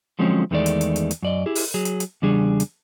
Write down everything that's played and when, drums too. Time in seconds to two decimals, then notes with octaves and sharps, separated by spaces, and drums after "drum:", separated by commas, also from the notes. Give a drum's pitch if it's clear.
0.19 D3 F3 F#3 G#3 C4 C#4
0.51 E2 D#3 G#3 A3 D5
0.66 drum: hi-hat
0.81 drum: hi-hat
0.96 drum: hi-hat
1.11 drum: hi-hat
1.23 F#2 D5 D#5
1.46 E4 G4 G#4
1.55 drum: open hi-hat
1.74 F#3 G#4
1.85 drum: hi-hat
2.00 drum: hi-hat
2.22 E2 C#3 G3 D4 G#4
2.60 drum: hi-hat